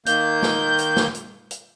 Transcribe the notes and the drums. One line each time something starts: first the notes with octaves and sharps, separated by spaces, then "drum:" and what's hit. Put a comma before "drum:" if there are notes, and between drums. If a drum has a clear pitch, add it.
D#3 A#3 G6, drum: hi-hat
drum: snare
drum: hi-hat
drum: snare
drum: hi-hat
drum: hi-hat